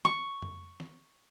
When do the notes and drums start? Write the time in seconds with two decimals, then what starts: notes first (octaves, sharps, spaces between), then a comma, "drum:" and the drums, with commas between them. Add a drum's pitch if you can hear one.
0.05 C#6, drum: snare
0.42 drum: tom F2
0.80 drum: snare